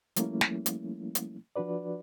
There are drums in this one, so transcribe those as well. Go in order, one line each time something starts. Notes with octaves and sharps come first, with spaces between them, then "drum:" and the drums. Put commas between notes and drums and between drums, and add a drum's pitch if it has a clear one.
F3 G3 A3 A#3 C#4 E4, drum: hi-hat
drum: snare
drum: hi-hat
drum: hi-hat
F3 D4 F#4 B4 D5